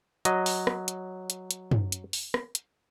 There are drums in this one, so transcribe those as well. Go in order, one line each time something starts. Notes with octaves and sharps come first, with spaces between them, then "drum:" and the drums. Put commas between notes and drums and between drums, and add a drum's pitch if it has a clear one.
F#3 D#5, drum: hi-hat
drum: open hi-hat
drum: rim click
drum: hi-hat
drum: hi-hat
drum: hi-hat
drum: tom
drum: hi-hat
drum: open hi-hat
drum: rim click
drum: hi-hat